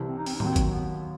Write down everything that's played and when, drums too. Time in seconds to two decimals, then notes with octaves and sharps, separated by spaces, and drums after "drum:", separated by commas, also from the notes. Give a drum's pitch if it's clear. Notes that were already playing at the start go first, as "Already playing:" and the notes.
Already playing: C2 C3 E3
0.09 C4
0.18 D#4
0.26 C4, drum: open hi-hat
0.36 D#4
0.40 D#2 D#3 F#3 C4, drum: tom A2
0.56 drum: kick, hi-hat
0.72 B3